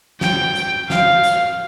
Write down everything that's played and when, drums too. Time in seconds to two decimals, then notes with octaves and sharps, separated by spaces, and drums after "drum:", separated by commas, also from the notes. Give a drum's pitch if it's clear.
0.21 G5, drum: snare
0.55 drum: hi-hat
0.90 F5, drum: snare
1.23 drum: hi-hat